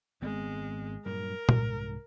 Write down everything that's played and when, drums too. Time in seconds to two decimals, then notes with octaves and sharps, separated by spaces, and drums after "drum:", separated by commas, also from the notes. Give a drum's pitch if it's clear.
0.22 G#1 G#3 B3 C4
1.06 G2 A#2 F#3 A#4
1.49 C2 G#2, drum: tom